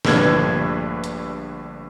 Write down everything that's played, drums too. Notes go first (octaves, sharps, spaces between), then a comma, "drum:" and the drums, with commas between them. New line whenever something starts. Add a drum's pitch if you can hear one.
A#1 G2 D3 A3 B4 G#6, drum: snare
drum: hi-hat